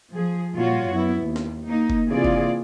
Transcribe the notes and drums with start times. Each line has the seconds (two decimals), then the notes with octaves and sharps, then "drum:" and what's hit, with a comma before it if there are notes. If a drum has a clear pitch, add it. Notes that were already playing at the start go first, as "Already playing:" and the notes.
0.13 F3 G#4
0.55 A#2 G3 F4 F#4 C#5
0.91 F#2 B3 E4
1.23 D#2
1.36 drum: snare
1.66 A#3 D#4
1.90 drum: kick F#1
2.08 C3 E3 A#3 F4 G#4 D5
2.24 drum: kick F#1